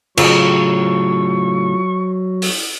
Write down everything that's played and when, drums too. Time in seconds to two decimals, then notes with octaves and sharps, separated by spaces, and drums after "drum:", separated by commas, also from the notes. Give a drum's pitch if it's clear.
0.17 A2 C#3 F#3 F4 F#4 A#5 C#6, drum: cymbal
2.42 drum: open hi-hat